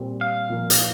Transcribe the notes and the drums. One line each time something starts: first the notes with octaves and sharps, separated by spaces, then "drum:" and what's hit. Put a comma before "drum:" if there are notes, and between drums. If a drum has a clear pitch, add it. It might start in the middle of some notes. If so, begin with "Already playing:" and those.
Already playing: A#2 G3 C4 G4 A#4
F5
A#2 F3 A#3 F4 A#4
drum: hi-hat